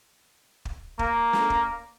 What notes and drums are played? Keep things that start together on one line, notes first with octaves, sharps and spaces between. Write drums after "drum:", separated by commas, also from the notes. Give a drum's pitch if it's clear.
drum: kick
A#3, drum: kick
drum: snare
drum: kick